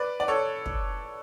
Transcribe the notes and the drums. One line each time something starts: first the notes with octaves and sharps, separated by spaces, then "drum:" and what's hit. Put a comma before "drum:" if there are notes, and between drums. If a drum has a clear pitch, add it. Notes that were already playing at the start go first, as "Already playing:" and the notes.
Already playing: B4 D5
D5
A4 C#5
drum: kick